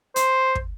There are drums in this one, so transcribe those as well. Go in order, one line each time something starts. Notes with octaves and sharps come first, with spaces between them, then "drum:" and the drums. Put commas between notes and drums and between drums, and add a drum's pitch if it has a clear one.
C5, drum: hi-hat
drum: kick